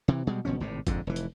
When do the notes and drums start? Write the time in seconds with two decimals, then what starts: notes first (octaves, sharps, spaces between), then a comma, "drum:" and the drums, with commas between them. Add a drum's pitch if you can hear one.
0.08 C3 E3
0.27 B2 G3 G#3
0.45 F#1 B2 F3 C#4
0.60 G#1 A2 C3
0.87 F2 G#2 D3, drum: kick, hi-hat
1.07 F1 E3
1.16 drum: hi-hat